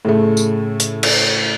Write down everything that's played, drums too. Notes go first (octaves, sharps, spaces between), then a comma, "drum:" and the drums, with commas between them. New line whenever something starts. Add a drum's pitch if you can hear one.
A2 C#3 A3
drum: tambourine
drum: hi-hat
drum: cymbal